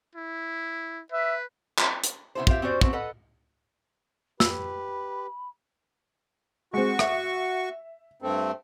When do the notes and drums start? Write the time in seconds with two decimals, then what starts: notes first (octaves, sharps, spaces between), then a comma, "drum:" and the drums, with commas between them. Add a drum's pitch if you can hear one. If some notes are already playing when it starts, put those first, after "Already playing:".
0.16 E4
1.12 B4 E5
1.78 drum: clap
2.04 drum: hi-hat
2.35 C#3 B3 E4 A4 C5
2.47 C4 F4 G4 E5 F5, drum: kick
2.62 C4 C#4 F#4 C5 D5
2.81 G#3 A3 B3 C4 F#4 F#5, drum: kick
2.93 A4 B4 D#5 F#5
4.40 G4 B4 B5 E6, drum: snare
6.74 G#3 C4 F#4 C#6
6.99 E5, drum: rim click
8.22 G2 A3 C4